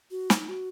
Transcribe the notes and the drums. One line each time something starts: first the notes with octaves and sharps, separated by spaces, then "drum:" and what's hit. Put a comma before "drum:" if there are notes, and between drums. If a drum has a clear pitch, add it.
F#4
D#4, drum: snare
F#4